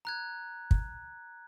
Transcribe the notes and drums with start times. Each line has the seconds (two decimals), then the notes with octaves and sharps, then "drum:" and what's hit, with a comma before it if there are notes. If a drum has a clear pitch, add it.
0.05 A#5 F#6 G#6
0.71 drum: kick